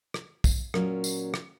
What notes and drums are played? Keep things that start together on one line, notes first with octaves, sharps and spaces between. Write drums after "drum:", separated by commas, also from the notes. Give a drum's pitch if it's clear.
drum: rim click
drum: kick, tambourine
A#2 F#3 C#4 F4 A#4, drum: rim click
drum: tambourine
drum: rim click